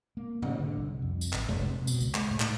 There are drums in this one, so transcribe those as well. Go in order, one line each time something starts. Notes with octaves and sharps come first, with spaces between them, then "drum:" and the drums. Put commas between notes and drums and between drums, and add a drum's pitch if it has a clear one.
A#3
C#3, drum: tom G#2
D3
C2
F2
drum: tambourine
A1, drum: clap
F1, drum: tom
C3
B2, drum: tambourine
C#2, drum: tambourine
G#3, drum: clap
A2
drum: clap